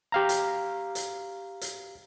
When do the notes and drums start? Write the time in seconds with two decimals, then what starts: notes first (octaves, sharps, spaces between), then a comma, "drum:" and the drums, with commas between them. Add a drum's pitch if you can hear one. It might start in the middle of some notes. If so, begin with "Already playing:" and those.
0.12 G4 F5 A#5
0.29 drum: hi-hat
0.95 drum: hi-hat
1.61 drum: hi-hat